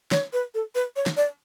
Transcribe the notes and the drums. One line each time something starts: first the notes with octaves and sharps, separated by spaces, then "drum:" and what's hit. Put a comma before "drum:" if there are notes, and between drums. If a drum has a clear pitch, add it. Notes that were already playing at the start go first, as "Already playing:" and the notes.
C#5, drum: snare
B4
A4
B4
C#5
drum: snare
D5